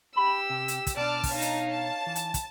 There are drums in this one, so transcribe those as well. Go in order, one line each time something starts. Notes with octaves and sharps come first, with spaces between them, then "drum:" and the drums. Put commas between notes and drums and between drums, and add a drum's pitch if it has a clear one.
G4 B5 E6
C3
drum: hi-hat
drum: kick, hi-hat
B2 D4 D5 A5 D6 F6
drum: kick, open hi-hat
D#4 C#5 F5 A5
drum: hi-hat
A5
E3
drum: hi-hat
drum: kick, hi-hat